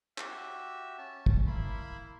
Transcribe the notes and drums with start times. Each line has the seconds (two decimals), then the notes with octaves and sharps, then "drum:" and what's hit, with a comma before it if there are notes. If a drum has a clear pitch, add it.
0.18 F#4 G4 E5, drum: clap
0.98 C#4 A5
1.26 drum: kick
1.47 A#3 E4 B5 C6